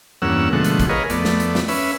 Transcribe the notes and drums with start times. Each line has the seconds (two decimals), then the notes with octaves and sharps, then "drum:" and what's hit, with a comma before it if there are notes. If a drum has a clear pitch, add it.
0.22 E2 G2 A#3 C#4 F#5 E6
0.53 B2 D3 F3 G#3 A3 F#5
0.64 drum: hi-hat
0.80 drum: kick, hi-hat
0.89 G#4 A#4 B4 C#5 D#5 F5
1.10 F2 A3 B3 D5, drum: hi-hat
1.25 drum: snare
1.40 drum: hi-hat
1.55 drum: snare
1.68 C#4 B4 E5, drum: open hi-hat